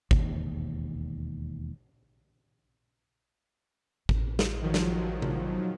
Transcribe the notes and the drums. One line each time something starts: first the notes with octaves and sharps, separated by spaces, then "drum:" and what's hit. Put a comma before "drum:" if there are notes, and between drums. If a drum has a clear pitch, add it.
E1 D#2, drum: kick G#1
A1, drum: kick G#1
drum: snare
D#3 F3 F#3
drum: snare
drum: tom C3